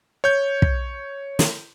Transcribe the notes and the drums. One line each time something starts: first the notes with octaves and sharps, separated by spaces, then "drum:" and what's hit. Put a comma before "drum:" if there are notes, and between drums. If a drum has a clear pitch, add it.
C#5 G6
drum: kick
drum: snare